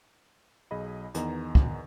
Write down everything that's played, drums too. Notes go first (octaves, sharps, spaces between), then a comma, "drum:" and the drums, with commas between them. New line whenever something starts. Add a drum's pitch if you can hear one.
B1 G#4 D#5 B5
E2 D#3 B3 D#5 A#5, drum: hi-hat
drum: kick